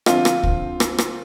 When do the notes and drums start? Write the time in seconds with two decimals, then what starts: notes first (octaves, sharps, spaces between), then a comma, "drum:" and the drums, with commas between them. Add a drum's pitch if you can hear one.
0.06 D3 F3 C4 F4, drum: rim click
0.25 drum: rim click
0.43 drum: kick
0.80 drum: rim click
0.98 drum: rim click